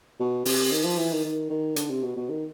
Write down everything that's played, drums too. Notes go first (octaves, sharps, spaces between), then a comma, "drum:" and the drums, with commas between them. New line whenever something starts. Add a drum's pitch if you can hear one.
B2
C3, drum: open hi-hat
D#3
F3
E3
D#3
D#3
D#3
D3, drum: hi-hat
C3
B2
B2
D#3